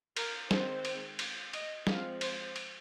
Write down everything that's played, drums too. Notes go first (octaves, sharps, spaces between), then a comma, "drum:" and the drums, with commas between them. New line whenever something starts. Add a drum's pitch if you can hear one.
A#4, drum: cymbal
D#3 G#3 C4 C5, drum: snare
drum: cymbal
drum: cymbal
D#5, drum: cymbal
F3 G#3 C4 F5, drum: snare
C5, drum: cymbal
drum: cymbal